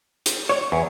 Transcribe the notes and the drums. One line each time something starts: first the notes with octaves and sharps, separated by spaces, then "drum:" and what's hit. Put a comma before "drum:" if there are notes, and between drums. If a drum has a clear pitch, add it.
drum: hi-hat
C#5
E2